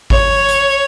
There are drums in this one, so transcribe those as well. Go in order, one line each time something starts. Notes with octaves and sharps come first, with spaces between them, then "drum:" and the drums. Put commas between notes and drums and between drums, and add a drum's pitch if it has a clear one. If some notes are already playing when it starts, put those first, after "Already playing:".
C#5, drum: kick G#1
drum: hi-hat